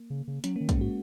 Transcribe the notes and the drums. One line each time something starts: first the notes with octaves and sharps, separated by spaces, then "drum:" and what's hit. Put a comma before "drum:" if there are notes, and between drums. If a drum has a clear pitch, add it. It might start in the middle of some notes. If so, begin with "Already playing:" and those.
Already playing: A#3
C#3
C#3
F#3 C#4, drum: hi-hat
D#3 A#3
G#3, drum: kick, hi-hat
G#2 F#4